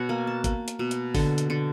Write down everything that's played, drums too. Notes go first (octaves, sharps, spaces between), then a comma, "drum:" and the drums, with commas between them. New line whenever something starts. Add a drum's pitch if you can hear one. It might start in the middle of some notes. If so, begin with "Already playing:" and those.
Already playing: B2 C#5 F#5
A#3 G#5
A5
A#3, drum: kick, hi-hat
drum: hi-hat
B2
drum: hi-hat
D3, drum: kick, open hi-hat
drum: hi-hat
D3